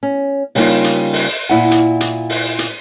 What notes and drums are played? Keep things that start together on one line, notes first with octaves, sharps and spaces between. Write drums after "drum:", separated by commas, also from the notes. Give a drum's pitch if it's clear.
C#4
C#3 G3 A#3 B3 D#4 F4, drum: open hi-hat
drum: hi-hat
drum: open hi-hat
A#2 E4 F#5
drum: hi-hat
drum: hi-hat
drum: open hi-hat
drum: hi-hat